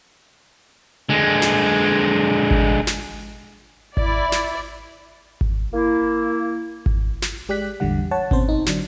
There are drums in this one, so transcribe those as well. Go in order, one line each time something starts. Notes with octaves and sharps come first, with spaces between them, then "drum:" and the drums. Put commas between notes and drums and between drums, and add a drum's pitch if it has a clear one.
D3 G#3
drum: snare
drum: kick G#1
drum: snare
E4 D5, drum: kick G#1
drum: snare
drum: kick G#1
A#3 E4
drum: kick G#1
drum: snare
G#3 G4 D5 G5 F#6 B6
A1 E2 D3 G3 F#5
C#5 F#5 A5
B2 C4 C#4 C5, drum: kick G#1
D#4
D3 F#3 D4, drum: snare